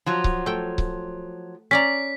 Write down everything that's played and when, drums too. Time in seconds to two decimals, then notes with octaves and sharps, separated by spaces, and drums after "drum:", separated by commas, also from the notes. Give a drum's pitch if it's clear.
0.06 F3 F#3
0.24 drum: kick C#1
0.46 A3 G5
0.78 drum: kick C#1
1.71 C#4 D5 A#5 B6